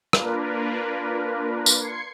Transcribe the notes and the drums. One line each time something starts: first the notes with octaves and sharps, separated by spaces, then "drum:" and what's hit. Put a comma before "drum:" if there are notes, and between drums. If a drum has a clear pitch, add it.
A#3 D4 F4 A#4 B4, drum: rim click
drum: tambourine
C6 G#6 C7 C#7